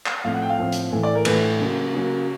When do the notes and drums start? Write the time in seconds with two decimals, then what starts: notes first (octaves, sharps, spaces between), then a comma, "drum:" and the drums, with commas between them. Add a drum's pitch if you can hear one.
0.06 drum: clap
0.24 A2 F3 A3 C4 F5
0.34 F#5
0.42 G5
0.49 F5
0.59 A2 F3 A3 C4
0.72 drum: hi-hat
0.92 A2 E3 A3
1.03 D5
1.15 A#4
1.25 A2 E3 A3 B4, drum: cymbal
1.59 C#3 F#3 A#3
1.93 C#3 F#3 A#3